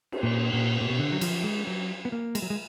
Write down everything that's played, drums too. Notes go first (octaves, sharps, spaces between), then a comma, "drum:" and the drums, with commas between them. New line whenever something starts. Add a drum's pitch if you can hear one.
drum: cymbal
A#2
A#2
A#2
B2
D3
F#3
F3, drum: cymbal
G#3
F#3
B3
A#3
G#3, drum: cymbal
F#3
G#3